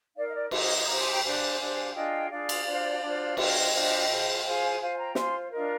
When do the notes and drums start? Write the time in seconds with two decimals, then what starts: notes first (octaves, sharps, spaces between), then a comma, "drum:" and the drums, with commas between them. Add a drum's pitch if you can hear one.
0.16 D#4 A#4 D5 F5
0.25 D#5
0.34 D5
0.51 D#4 G4 C5 D#5, drum: cymbal
0.82 D#6
0.87 D#4 G4 C5 A#5 D6
0.99 G#5 C6
1.11 G5 A#5
1.22 D4 G4 C5 F5 G#5
1.59 D4 G4 C5
1.94 D4 F4 G#4 D#5 G5
2.30 D4 F4 G#4 D5 F5
2.49 drum: cymbal
2.66 D4 F4 C5
3.02 D4 F4 C5
3.37 D4 F4 C5 D#5 G5, drum: cymbal
3.73 D4 F4 C5
4.08 F4 G#4 C5
4.44 F4 G#4 C5 F5 G#5
4.80 F4 C5 F5 G#5
4.97 G5 A#5
5.15 F4 C5 G#5 C6, drum: snare
5.51 D4 F4 A#4 D#5